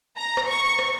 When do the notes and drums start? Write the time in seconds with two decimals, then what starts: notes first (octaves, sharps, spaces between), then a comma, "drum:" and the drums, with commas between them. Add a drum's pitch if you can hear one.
0.17 A#5
0.37 drum: rim click
0.48 C#6
0.79 drum: rim click